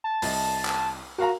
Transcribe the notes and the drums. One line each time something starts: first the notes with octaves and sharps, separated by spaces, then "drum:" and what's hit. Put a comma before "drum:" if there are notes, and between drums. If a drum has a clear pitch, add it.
A5
C2 D#5, drum: open hi-hat
drum: clap
F#4 A#4 F5 A#5